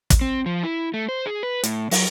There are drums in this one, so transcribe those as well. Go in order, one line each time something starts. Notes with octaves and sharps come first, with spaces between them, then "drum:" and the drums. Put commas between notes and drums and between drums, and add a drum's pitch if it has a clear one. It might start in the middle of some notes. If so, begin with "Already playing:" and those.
drum: kick, hi-hat
C4
F3
E4
A3
C5
G#4
B4
A2, drum: hi-hat
F#3, drum: open hi-hat